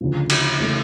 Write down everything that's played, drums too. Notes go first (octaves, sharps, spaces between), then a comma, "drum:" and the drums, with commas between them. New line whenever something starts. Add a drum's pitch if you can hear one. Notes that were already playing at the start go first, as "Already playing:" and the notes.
D2 C#3 F3
drum: cymbal
C#3 E3 A3